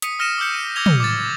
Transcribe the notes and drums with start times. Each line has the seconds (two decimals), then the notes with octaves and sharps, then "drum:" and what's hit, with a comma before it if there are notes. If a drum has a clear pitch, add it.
0.02 D#6 B6 C#7 D#7, drum: hi-hat
0.19 D#6 F6 A#6 C#7 D#7 E7
0.38 D6 E6 F6 G6 C#7
0.54 D#7
0.75 D6 E6 G#6 A#6 F7 G7
0.86 drum: tom
1.00 D6 A6